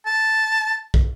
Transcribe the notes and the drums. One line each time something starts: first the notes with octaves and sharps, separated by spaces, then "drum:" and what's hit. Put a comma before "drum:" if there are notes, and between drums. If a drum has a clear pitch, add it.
A5
drum: kick